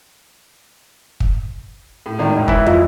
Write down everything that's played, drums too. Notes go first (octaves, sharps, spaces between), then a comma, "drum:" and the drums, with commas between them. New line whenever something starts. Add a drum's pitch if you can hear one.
drum: kick
A2
G#1 A2 D#3
E1 G#3 C#4
E3 E4, drum: kick
F4 D#5, drum: tom